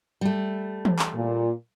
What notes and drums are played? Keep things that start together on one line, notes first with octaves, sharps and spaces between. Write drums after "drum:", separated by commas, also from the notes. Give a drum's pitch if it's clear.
G3 A3
drum: tom E3
drum: clap
A#2